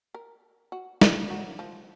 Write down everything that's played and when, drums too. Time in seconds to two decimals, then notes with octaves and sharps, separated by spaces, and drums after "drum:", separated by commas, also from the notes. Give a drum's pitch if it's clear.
0.14 A#4
0.72 F#4
1.02 F4, drum: snare
1.30 F#3
1.59 F3